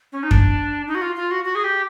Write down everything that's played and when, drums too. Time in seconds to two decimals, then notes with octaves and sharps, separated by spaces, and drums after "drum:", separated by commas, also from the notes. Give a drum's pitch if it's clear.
0.12 C#4
0.23 D#4
0.31 D4, drum: kick F#2
0.87 D#4
0.95 F#4
1.01 F4
1.16 F4
1.31 F#4
1.44 F#4
1.55 G#4
1.64 G4